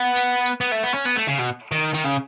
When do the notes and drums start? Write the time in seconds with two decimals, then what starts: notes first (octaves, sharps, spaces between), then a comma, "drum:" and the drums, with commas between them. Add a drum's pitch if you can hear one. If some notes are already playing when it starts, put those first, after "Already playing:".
Already playing: B3
0.16 drum: tambourine
0.46 drum: tambourine
0.61 B3
0.72 A3
0.83 B3
0.94 C#4
1.05 B3, drum: tambourine
1.16 A3
1.27 C#3
1.38 B2
1.72 D#3
1.94 D#3, drum: tambourine
2.05 C#3